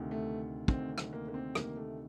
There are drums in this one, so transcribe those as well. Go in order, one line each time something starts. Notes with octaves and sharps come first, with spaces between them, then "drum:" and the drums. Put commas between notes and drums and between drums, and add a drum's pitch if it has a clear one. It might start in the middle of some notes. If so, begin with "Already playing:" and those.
Already playing: D2 C3 D#3
A3
D2 C3 D#3 C4, drum: kick
drum: rim click
A#3
A#3
C4
D2 C3 D#3 A#3, drum: rim click
A3